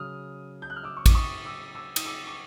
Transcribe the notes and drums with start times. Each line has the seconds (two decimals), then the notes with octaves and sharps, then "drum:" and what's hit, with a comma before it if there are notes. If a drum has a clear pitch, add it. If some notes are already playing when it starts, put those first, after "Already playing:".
Already playing: C#3 F#3 D#6 F6
0.62 G6
0.70 F#6
0.76 F6
0.84 D6 E6
0.97 C#6
1.06 D6, drum: kick A1, cymbal
1.14 C#6 D#6
1.45 D6 E6
1.75 D6 E6
1.96 D#6, drum: cymbal
2.06 D6 E6
2.27 D6